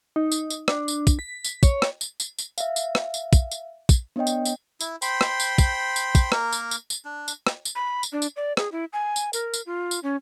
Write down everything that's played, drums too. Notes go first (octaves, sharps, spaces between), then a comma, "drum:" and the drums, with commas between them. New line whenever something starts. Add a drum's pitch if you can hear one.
D#4
drum: tambourine
drum: tambourine
D4, drum: rim click
drum: tambourine
drum: kick, tambourine
B6
drum: tambourine
C#5, drum: kick, tambourine
drum: rim click
drum: tambourine
drum: tambourine
drum: tambourine
E5 F5, drum: tambourine
drum: tambourine
drum: rim click
drum: tambourine
drum: kick, tambourine
drum: tambourine
drum: kick, tambourine
B3 D4 C#5 D#5 G5
drum: tambourine
drum: tambourine
E4, drum: tambourine
C5 G5 B5 C6, drum: tambourine
drum: rim click
drum: tambourine
drum: kick, tambourine
drum: tambourine
drum: kick, tambourine
A#3 A#4, drum: rim click
drum: tambourine
drum: tambourine
drum: tambourine
D4
drum: tambourine
drum: rim click
drum: tambourine
B5
drum: tambourine
D4
drum: tambourine
D5
G#4, drum: rim click
E4
G#5
drum: tambourine
A#4, drum: tambourine
drum: tambourine
F4
drum: tambourine
C#4